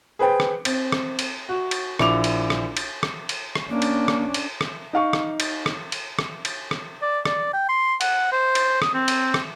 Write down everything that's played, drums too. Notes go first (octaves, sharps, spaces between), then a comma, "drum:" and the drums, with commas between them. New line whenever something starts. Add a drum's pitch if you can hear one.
G#4 B4 C5 G5
drum: rim click
C4, drum: cymbal
drum: rim click
drum: cymbal
F#4
drum: cymbal
A#1 E4 D6 F7, drum: rim click
drum: cymbal
drum: rim click
drum: cymbal
drum: rim click
drum: cymbal
drum: rim click
A#3 C#4 D4
drum: cymbal
drum: rim click
drum: cymbal
drum: rim click
D#4 F5 C#6
drum: rim click
drum: cymbal
drum: rim click
drum: cymbal
drum: rim click
drum: cymbal
drum: rim click
D5
D5, drum: rim click
G5
C6
F#5, drum: cymbal
C5
drum: cymbal
D#6, drum: rim click
C4
drum: cymbal
drum: rim click